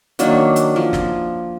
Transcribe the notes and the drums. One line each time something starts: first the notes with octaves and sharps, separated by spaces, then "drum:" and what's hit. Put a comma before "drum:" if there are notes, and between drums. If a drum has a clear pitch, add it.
D#3 F#3 A#3 D4, drum: hi-hat
drum: hi-hat
F3
drum: snare